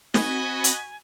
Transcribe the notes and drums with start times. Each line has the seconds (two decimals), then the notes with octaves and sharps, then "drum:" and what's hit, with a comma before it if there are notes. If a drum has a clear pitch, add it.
0.14 C4 F#4 D#5 G#5 B5, drum: snare
0.64 drum: hi-hat